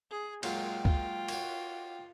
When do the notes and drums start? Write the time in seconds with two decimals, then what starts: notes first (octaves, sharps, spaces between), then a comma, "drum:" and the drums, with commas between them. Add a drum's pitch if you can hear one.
0.11 G#4
0.43 A#2 F#3 G#3 F4 G5, drum: cymbal
0.85 F4, drum: kick
1.28 F#4 C#5, drum: cymbal